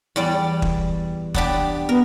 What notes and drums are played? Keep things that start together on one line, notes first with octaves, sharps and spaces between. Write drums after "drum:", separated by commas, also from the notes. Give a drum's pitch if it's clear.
E2 G3 D5
drum: kick
B3 D4 G4, drum: kick
B3 A#4